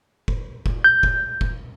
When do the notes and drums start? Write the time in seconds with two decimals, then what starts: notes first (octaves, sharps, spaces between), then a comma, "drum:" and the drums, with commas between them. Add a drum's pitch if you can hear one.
0.28 drum: kick F1
0.66 drum: kick F1
0.84 G6
1.03 drum: kick F1
1.41 drum: kick F1